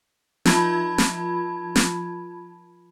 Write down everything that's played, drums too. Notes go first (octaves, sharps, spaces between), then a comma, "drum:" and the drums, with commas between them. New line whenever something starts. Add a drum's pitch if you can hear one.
F3 F4 A5 B5 G#6, drum: snare
drum: snare
drum: snare